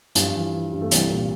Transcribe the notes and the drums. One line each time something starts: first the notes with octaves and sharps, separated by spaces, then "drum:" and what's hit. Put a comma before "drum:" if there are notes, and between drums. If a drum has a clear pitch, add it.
G2 F3, drum: hi-hat
E3
E3
G2
A3
C2 E3 G3, drum: hi-hat
A#2